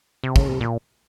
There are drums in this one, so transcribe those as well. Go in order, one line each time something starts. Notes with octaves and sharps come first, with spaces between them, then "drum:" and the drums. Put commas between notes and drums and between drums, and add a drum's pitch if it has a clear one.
C3
C#3, drum: kick
C3
A#2